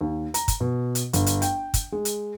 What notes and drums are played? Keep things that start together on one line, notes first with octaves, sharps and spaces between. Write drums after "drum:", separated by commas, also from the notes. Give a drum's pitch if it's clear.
D#2
A#5, drum: hi-hat
drum: kick, hi-hat
B2
drum: hi-hat
G1, drum: hi-hat
drum: hi-hat
G5, drum: hi-hat
drum: kick, hi-hat
G#3
drum: hi-hat